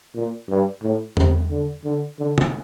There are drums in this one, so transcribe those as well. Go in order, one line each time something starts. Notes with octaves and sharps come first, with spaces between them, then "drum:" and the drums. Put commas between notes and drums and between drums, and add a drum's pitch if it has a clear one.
A#2
G2
A2
C3, drum: tom E2
D3
D3
D3
drum: tom C3